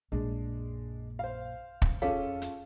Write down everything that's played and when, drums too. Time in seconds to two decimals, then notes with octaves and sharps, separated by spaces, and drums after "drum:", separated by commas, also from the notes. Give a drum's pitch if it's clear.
0.12 A#1 F#2 G#3 D4
1.19 C5 F5
1.82 drum: kick
2.02 F2 C#4 F4 G#4 A4 C#5 F5
2.42 drum: hi-hat